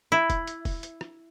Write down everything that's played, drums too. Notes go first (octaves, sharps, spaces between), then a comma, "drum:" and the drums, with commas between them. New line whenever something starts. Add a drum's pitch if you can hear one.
E4
drum: kick E1, hi-hat
drum: hi-hat
drum: kick E1, open hi-hat
drum: hi-hat
drum: rim click